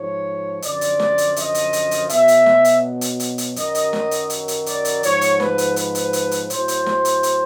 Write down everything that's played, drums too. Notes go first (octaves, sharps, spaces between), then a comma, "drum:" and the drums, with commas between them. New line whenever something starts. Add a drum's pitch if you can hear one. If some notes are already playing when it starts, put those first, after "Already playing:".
Already playing: G#2 F3 C#5
F#2 D3 F3 D5, drum: hi-hat
drum: hi-hat
drum: snare
drum: hi-hat
D#5, drum: hi-hat
drum: hi-hat
drum: hi-hat
drum: hi-hat
B2 F#3 E5, drum: hi-hat
drum: hi-hat
drum: snare
drum: hi-hat
drum: hi-hat
drum: hi-hat
drum: hi-hat
F#2 D#3 F#3 D#5, drum: hi-hat
drum: hi-hat
drum: snare
drum: hi-hat
drum: hi-hat
drum: hi-hat
D5, drum: hi-hat
drum: hi-hat
G#2 F3 C#5, drum: hi-hat
drum: hi-hat
B4, drum: snare
drum: hi-hat
B4, drum: hi-hat
drum: hi-hat
drum: hi-hat
drum: hi-hat
A2 F#3 C5, drum: hi-hat
drum: hi-hat
drum: snare
drum: hi-hat
drum: hi-hat